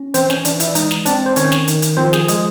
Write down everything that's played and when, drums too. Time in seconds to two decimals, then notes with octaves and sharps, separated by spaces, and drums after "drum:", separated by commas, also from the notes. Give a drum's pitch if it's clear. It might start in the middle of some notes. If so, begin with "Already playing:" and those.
Already playing: C#4
0.14 E3 C4 C5, drum: hi-hat
0.30 C#4 C#5, drum: snare
0.45 E3 D4 D5, drum: hi-hat
0.60 E4 E5, drum: hi-hat
0.68 D5
0.75 G#3 D#4 D#5, drum: hi-hat
0.91 drum: snare
1.06 C4 D4 D5, drum: hi-hat
1.26 C5
1.36 D#3 C#4 C#5, drum: hi-hat
1.52 drum: snare
1.68 D#3, drum: hi-hat
1.82 drum: hi-hat
1.97 F3 C4 C5
2.13 G#4, drum: snare
2.28 G#3 G#4, drum: hi-hat